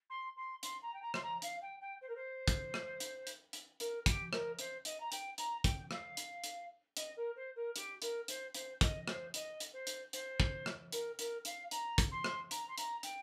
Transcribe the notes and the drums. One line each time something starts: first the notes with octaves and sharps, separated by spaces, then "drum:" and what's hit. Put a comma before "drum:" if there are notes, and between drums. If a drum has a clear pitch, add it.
C6
C6
C6, drum: hi-hat
A#5
G5
A#5
C6, drum: rim click
A#5
F5, drum: hi-hat
G5
G5
C5
A#4
C5
drum: kick, hi-hat
drum: rim click
drum: hi-hat
drum: hi-hat
drum: hi-hat
A#4, drum: hi-hat
G4, drum: kick, hi-hat
A#4, drum: rim click
C5, drum: hi-hat
D#5, drum: hi-hat
A#5
G5, drum: hi-hat
A#5, drum: hi-hat
G5, drum: kick, hi-hat
F5, drum: rim click
drum: hi-hat
drum: hi-hat
D#5, drum: hi-hat
A#4
C5
A#4
G4, drum: hi-hat
A#4, drum: hi-hat
C5, drum: hi-hat
C5, drum: hi-hat
D#5, drum: kick, hi-hat
C5, drum: rim click
D#5, drum: hi-hat
drum: hi-hat
C5
drum: hi-hat
C5, drum: hi-hat
drum: kick
drum: rim click
A#4, drum: hi-hat
A#4, drum: hi-hat
F5, drum: hi-hat
A#5, drum: hi-hat
drum: kick, hi-hat
C6
drum: rim click
A#5, drum: hi-hat
C6
A#5, drum: hi-hat
G5, drum: hi-hat